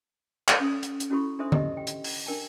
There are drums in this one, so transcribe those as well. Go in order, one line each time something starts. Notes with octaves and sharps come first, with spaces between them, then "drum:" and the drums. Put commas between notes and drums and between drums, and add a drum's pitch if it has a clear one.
drum: clap
C#4 A4 D#6
drum: hi-hat
drum: hi-hat
C#4 E4 F#4 A4 B5 C#6
D4 A4 C5 E5 C6 D#6
G4 D#5, drum: tom D3
G5
drum: hi-hat
drum: open hi-hat
D4 A#4 G5 A5